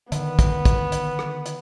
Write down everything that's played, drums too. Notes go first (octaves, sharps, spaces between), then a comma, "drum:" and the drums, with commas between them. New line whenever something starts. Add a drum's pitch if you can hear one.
D3 D#3 B3, drum: hi-hat
drum: kick, hi-hat
drum: kick, hi-hat
drum: hi-hat
drum: rim click
drum: hi-hat